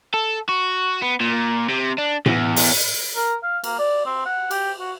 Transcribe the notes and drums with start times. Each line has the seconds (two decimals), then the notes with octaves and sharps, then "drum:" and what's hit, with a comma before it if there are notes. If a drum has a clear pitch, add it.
0.14 A4
0.49 F#4
1.02 B3
1.21 A#2
1.69 C3
1.98 D4
2.26 E2, drum: tom A2
2.56 drum: open hi-hat
3.16 A#4
3.43 F5
3.64 A#3, drum: cymbal
3.79 D5
4.05 C4
4.26 F#5
4.51 G4, drum: cymbal
4.79 F#4